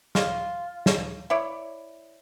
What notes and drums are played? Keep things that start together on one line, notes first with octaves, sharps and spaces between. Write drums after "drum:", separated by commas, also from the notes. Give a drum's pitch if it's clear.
F4, drum: snare
drum: snare
E4 C#5 D5